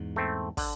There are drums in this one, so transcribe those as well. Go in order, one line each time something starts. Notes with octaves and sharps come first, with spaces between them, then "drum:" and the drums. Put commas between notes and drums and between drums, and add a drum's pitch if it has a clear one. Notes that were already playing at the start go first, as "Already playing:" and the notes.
Already playing: E2 G#2
A3 C4
D3, drum: kick, open hi-hat